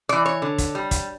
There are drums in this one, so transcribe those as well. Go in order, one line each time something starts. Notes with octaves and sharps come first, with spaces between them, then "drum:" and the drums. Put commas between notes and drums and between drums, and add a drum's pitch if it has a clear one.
E3 G#3 D5
C#5
D3
drum: kick, hi-hat
G3
drum: kick, hi-hat